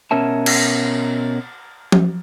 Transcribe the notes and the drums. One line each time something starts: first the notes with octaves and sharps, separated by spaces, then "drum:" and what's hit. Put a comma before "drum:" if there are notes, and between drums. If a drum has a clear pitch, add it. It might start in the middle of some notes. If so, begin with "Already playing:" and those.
B2 C#4 A#4 E5 A5
drum: cymbal
drum: tom F3